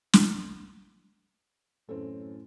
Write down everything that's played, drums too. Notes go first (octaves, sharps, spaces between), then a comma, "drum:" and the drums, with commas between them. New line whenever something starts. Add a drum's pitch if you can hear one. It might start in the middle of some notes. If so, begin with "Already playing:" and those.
drum: snare
F#2 A2 E3 C4 C#4 A4